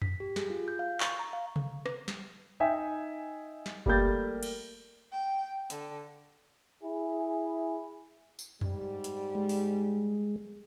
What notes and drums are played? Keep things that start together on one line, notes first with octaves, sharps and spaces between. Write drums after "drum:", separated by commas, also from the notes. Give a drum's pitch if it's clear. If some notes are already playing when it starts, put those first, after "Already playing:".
B6, drum: tom F2
G4
G#4, drum: snare
F4
G6
F5
C#6, drum: clap
A#5
F5
drum: tom C3
drum: rim click
drum: snare
D#4 D#5 E5 G5 G#5
drum: snare
G3 A3 A#3 G4 G6 A6, drum: kick F#1
drum: cymbal
G5
D3, drum: hi-hat
E4 G#4
drum: tambourine
G#2 G3, drum: tom F2
drum: hi-hat
G#3
drum: open hi-hat